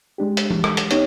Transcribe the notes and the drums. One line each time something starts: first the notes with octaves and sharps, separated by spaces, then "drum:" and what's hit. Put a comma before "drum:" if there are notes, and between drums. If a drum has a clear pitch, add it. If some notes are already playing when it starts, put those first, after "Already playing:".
G#3 D4 G4
drum: hi-hat
drum: tom
drum: rim click
drum: hi-hat
B3 C#4 D#4 G4 C#5, drum: hi-hat